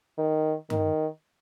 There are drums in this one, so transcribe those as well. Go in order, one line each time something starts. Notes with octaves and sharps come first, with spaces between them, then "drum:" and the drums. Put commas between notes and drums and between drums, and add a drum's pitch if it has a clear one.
D#3
D#3, drum: tom G2